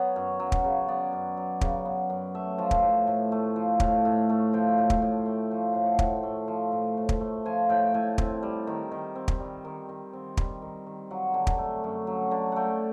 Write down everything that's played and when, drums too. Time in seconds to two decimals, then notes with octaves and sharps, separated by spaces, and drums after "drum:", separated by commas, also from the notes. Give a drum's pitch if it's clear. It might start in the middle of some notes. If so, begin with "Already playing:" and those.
Already playing: F#3 B3 C#5
0.16 F#2
0.40 F#3
0.52 drum: kick
0.64 C#3
0.88 B3 D5
1.13 F#2
1.37 F#3
1.61 C#3, drum: kick
1.85 B3
2.10 F#2
2.35 A3 E5
2.58 F3
2.71 drum: kick
2.83 A2
3.07 A2
3.32 A3
3.56 F3
3.80 A2 F5, drum: kick
4.05 A2
4.30 A3
4.53 F3 G5
4.78 A2
4.90 drum: kick
5.02 A2
5.26 A3
5.51 F3
5.73 A2 F5
5.86 F#5
5.99 A2 G5, drum: kick
6.23 A3
6.48 F3
6.72 A2
6.97 A2
7.09 drum: kick
7.20 A3
7.45 F3 G#5
7.69 A2 G5
7.94 A2 G#5
8.18 C4, drum: kick
8.43 G3
8.67 D#3
8.92 D#3
9.15 C4
9.28 drum: kick
9.40 G3
9.65 D#3
9.89 D#3
10.13 C4
10.37 G3, drum: kick
10.62 D#3
10.86 D#3
11.10 F#3 F#5
11.34 D3
11.47 drum: kick
11.58 A3
11.84 F#2
12.07 F#3
12.31 D3
12.52 A3 F#5 G5